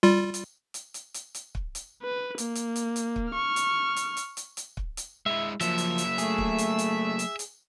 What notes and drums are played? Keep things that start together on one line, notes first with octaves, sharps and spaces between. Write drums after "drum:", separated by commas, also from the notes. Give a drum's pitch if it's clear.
G3 F4
drum: hi-hat
drum: hi-hat
drum: hi-hat
drum: hi-hat
drum: hi-hat
drum: kick
drum: hi-hat
B4
A#3, drum: hi-hat
drum: hi-hat
drum: hi-hat
drum: hi-hat
drum: kick
C#6 F6
drum: hi-hat
drum: hi-hat
drum: hi-hat
drum: hi-hat
drum: hi-hat
drum: kick
drum: hi-hat
G#3 E4 E5
F3 F#3 A#3 E5, drum: hi-hat
drum: hi-hat
drum: hi-hat
A3 G#4, drum: hi-hat
drum: kick
drum: hi-hat
drum: hi-hat
drum: hi-hat
drum: hi-hat